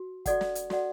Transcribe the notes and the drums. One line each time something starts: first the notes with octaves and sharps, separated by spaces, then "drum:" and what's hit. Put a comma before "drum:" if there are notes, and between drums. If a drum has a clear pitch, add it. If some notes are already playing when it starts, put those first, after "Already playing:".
Already playing: F#4
F#4 A4 D5 F#5, drum: kick, hi-hat
drum: snare
drum: hi-hat
F#4 A4 D5 F#5, drum: snare